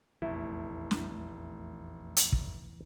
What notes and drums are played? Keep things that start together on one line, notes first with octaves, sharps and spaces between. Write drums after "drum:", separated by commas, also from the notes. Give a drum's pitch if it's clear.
F1 A#1 E2 E3 A3 E4
drum: snare
drum: hi-hat
drum: kick